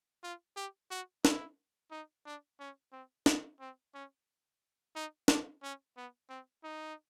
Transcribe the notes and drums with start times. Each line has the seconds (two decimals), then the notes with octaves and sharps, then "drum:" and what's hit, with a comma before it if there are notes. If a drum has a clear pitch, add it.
0.23 F4
0.56 G4
0.91 F#4
1.25 E4, drum: snare
1.91 D#4
2.26 D4
2.60 C#4
2.92 C4
3.26 B3, drum: snare
3.60 C4
3.94 C#4
4.95 D#4
5.28 D4, drum: snare
5.63 C#4
5.96 B3
6.29 C4
6.64 D#4